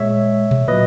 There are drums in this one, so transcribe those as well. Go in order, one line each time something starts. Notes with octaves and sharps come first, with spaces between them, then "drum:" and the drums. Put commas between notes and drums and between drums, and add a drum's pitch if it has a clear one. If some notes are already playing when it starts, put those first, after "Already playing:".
Already playing: A#2 G#3 C#5 E5
drum: tom B2
A#2 F#3 B4 D#5